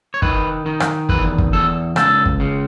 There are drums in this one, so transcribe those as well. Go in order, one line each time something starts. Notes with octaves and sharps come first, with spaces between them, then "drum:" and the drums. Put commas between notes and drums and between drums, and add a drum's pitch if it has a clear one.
C#5
D#3 B4, drum: kick
D#3
drum: rim click
E2 B4, drum: kick
drum: kick
E2 A4
C#2 A4, drum: rim click
drum: kick
C#3